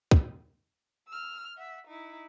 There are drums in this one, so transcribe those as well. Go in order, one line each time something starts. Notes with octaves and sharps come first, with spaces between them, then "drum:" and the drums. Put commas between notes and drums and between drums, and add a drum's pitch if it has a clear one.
drum: kick
E6 F6
E5 F#5
D#4 E4